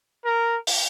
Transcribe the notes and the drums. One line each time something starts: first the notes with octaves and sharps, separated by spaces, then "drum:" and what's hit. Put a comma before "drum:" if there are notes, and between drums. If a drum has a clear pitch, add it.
A#4
drum: open hi-hat